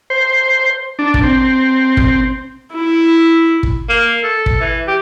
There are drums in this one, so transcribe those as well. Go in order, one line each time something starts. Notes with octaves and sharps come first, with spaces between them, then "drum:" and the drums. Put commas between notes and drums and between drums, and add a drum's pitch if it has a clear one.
C5
D4
drum: kick
C4
drum: kick
E4
drum: kick
A#3
A4
drum: kick
E3
G4